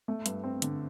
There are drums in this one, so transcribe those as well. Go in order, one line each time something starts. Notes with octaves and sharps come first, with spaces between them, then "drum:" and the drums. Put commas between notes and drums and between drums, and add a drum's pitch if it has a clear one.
A3
G2, drum: hi-hat
C4
D3, drum: hi-hat